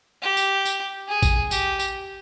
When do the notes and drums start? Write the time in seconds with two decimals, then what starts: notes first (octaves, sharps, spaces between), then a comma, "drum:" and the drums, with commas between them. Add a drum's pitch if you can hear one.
0.22 G4
0.37 drum: tambourine
0.65 drum: tambourine
1.08 G#4
1.22 drum: kick A1, tambourine
1.51 G4, drum: tambourine
1.80 drum: tambourine